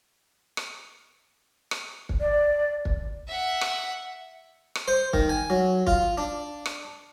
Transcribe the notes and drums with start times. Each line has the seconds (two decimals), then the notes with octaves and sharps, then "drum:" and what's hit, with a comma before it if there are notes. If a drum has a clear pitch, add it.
0.57 drum: rim click
1.71 drum: rim click
2.09 drum: kick
2.20 D5
2.85 drum: kick
3.28 E5 F#5
3.61 drum: rim click
4.75 drum: rim click
4.88 C5
5.13 D#3, drum: kick
5.29 G#5
5.50 F#3
5.87 F4, drum: kick
6.18 D4
6.66 drum: rim click